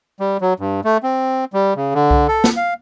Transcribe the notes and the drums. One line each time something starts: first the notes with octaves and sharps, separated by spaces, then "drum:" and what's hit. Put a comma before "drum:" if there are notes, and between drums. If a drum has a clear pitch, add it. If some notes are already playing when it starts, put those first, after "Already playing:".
G3
F#3
G2
A3
C4
G3
C#3
D3
drum: kick C2
A4
drum: snare
F5